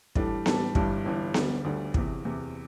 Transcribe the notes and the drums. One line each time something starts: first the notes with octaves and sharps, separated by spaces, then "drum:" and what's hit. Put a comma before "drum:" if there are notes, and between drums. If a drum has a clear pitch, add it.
A2 E3 G3 D4 A4, drum: kick
A2 E3 G3 D4 A4, drum: snare B3
G1 G2 E3 G3, drum: kick
G1 G2 E3 G3
D2 D3 G3, drum: snare B3
D2 D3 G3
E2 C3 E3, drum: kick
E2 C3 E3